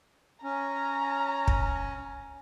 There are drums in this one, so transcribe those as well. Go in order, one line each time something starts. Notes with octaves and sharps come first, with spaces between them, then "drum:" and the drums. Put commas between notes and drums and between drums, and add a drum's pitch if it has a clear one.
C#4 A#5
drum: kick